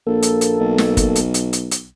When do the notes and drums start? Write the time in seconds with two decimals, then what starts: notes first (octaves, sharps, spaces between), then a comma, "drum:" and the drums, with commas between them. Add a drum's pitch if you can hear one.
0.07 A#1 A#3 A4
0.22 drum: hi-hat
0.41 drum: hi-hat
0.60 B1
0.78 drum: snare
0.97 drum: kick, hi-hat
1.16 drum: hi-hat
1.34 drum: hi-hat
1.53 drum: hi-hat
1.71 drum: hi-hat